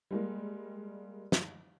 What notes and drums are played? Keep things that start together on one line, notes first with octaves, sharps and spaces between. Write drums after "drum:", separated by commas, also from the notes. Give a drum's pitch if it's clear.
G3 G#3 A#3
drum: snare